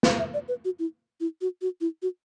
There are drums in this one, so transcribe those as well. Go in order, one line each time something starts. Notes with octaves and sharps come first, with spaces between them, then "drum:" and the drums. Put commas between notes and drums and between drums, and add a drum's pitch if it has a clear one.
drum: snare
E5
D5
B4
F#4
E4
E4
F#4
F#4
E4
F#4